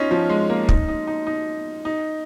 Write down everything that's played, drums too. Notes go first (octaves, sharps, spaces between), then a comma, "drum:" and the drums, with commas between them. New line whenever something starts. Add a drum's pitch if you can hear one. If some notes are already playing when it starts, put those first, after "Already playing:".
Already playing: C#4 D#4 F4
F3
G#3
A#3
D#4, drum: kick
D#4
D#4
D#4
D#4